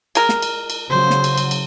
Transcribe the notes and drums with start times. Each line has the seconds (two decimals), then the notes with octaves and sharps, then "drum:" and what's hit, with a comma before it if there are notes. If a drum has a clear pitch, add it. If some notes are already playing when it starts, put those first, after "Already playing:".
0.15 G#3 A#4, drum: cymbal
0.29 drum: snare
0.42 drum: cymbal
0.70 drum: cymbal
0.90 C#3 F#3 C5
1.10 drum: snare
1.24 drum: cymbal
1.38 drum: cymbal
1.51 drum: cymbal